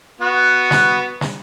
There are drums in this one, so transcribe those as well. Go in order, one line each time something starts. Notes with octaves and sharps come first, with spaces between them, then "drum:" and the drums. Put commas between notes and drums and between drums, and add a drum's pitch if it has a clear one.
B3 F#4
drum: snare
drum: snare